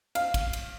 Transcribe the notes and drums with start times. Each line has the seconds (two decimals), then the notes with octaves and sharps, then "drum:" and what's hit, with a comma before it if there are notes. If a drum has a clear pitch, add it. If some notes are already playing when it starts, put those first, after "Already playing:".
0.15 F5, drum: cymbal
0.34 drum: kick, cymbal
0.53 drum: cymbal